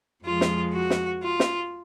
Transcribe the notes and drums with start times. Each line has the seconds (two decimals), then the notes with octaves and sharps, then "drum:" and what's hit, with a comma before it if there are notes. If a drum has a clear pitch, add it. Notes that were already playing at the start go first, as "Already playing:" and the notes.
0.24 F2 F3 G#3 F4
0.41 drum: snare
0.73 F#4
0.90 drum: snare
1.23 F4
1.40 drum: snare